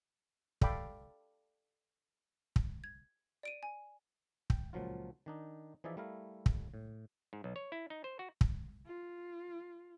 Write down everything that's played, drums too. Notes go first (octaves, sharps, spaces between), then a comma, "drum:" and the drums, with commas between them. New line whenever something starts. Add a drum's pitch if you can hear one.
A4 D5 F5 G5 B5 D6, drum: kick
drum: kick
G#6
D5 D7 D#7
G#5
G5, drum: kick
C#2 A#2 F3 F#3 F4
D#3 D4 D#4
E3 F3 D#4 G#4 D5 E5
G3 A3 E4 A#4 F5
drum: kick
A2
G#2
B1
C#5
E4
D#4
C5
F#4
drum: kick
F4